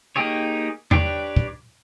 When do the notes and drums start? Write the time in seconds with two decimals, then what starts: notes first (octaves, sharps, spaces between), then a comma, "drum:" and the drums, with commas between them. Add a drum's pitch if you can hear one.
0.16 A#3 D#4 G4 G#4 C#5
0.91 D4 G4 B4 C#5 D5, drum: tom E2
1.37 drum: kick